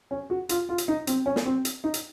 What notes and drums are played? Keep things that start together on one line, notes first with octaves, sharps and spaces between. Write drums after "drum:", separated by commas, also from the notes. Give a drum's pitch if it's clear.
C#4
F#4
F4, drum: hi-hat
F4
drum: hi-hat
D#4
C4, drum: hi-hat
C#4
drum: snare
C4
drum: hi-hat
D#4
drum: hi-hat